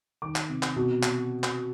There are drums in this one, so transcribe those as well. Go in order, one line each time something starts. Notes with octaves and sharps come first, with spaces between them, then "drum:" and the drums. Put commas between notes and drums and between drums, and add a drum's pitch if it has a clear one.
D#3 D6
drum: clap
C3
drum: clap
B2
drum: clap
drum: clap